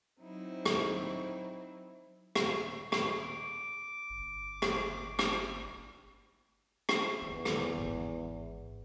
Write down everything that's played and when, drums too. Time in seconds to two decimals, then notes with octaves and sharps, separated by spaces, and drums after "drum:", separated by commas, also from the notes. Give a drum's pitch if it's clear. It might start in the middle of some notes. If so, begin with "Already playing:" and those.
0.20 F#3 C4 D#4 E4
0.66 drum: rim click
2.36 drum: rim click
2.92 drum: rim click
3.20 D6
4.10 G1
4.62 drum: rim click
5.19 drum: rim click
6.89 drum: rim click
7.22 E2 D#3
7.45 drum: rim click
7.77 G#1